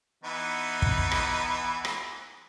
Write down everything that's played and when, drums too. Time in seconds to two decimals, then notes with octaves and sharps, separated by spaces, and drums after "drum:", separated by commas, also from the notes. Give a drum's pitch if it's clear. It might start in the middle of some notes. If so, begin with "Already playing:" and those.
0.24 E3 B3 D#4
0.82 drum: kick
1.11 drum: rim click
1.85 drum: rim click